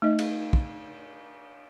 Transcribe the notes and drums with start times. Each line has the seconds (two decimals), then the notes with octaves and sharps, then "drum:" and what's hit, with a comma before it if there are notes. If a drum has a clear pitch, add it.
0.02 A3 D#4 D#5
0.19 drum: cymbal
0.53 drum: kick